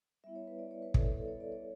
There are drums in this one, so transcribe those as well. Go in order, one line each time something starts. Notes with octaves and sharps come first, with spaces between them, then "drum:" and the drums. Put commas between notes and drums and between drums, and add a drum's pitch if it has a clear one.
G3 B3 E4 E5
C#5
B4
D5
C#5
B4
A4, drum: kick
A4
A4
C#5
D5
C#5